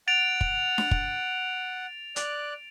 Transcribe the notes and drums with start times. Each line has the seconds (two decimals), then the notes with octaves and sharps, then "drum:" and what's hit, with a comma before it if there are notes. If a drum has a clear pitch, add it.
0.08 F#5 A6 D7 F7
0.41 drum: kick
0.78 drum: snare D4
0.91 drum: kick
2.16 D5 F#6, drum: hi-hat